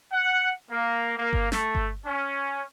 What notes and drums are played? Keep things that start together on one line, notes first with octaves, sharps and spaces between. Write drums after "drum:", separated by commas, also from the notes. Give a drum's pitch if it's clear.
F#5
A#3
A#3
drum: kick G1
A3, drum: snare
drum: kick G1
C#4